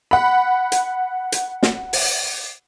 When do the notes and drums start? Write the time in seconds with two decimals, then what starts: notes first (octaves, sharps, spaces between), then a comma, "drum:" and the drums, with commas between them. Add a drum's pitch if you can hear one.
0.11 F#5 B5
0.72 drum: hi-hat
1.32 drum: hi-hat
1.63 drum: snare
1.93 drum: open hi-hat